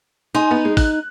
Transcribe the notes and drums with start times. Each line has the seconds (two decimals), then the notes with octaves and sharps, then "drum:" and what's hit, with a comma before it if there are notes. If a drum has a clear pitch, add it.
0.34 D#4 G#5 C6
0.51 B3
0.65 G#3
0.77 F#6, drum: kick, open hi-hat